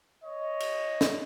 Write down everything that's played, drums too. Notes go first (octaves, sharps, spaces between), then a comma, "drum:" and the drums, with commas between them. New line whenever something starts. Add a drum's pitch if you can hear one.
C#5 D#5
drum: cymbal
drum: snare